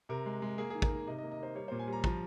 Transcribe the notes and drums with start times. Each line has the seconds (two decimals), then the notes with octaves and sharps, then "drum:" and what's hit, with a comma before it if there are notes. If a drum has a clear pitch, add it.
0.09 C3 A#4
0.26 G#3
0.42 G#3
0.58 A#3 G#4
0.70 G#4
0.75 D#3
0.82 A#4, drum: kick
0.91 D#3
1.07 C3 D#5
1.19 D#5
1.23 A#3
1.32 D#5
1.40 A#3 C5
1.55 G3 C#5
1.68 A#2 C5
1.79 G#5
1.87 G3
1.93 A#5
2.04 F3 A#5, drum: kick